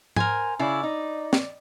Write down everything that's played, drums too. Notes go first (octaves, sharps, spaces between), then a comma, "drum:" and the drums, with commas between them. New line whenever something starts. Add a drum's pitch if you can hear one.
A#4 C5 G#5, drum: tom
C#3 E4 D5
D#4
drum: snare